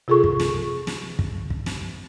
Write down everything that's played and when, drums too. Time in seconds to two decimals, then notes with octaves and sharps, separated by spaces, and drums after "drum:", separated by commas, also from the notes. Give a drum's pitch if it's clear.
0.08 C3 F4 G#4 A4 C#6
0.24 drum: kick
0.40 drum: snare
0.87 drum: snare
1.19 drum: kick
1.50 drum: kick
1.66 drum: snare